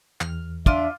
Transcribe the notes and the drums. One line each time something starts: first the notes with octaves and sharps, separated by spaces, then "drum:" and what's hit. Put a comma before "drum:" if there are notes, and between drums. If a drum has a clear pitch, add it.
E2 F6, drum: clap
D4 F4 E5 C6 D6, drum: kick